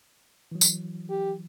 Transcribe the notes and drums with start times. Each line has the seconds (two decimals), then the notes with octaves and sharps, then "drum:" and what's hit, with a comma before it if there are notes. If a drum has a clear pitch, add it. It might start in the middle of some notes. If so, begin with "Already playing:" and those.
0.52 E3 F#3
0.61 drum: tambourine
1.10 G4